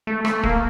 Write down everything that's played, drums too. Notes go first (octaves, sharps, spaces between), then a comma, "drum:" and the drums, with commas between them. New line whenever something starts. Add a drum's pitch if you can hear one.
A3
A3, drum: rim click
A#3, drum: kick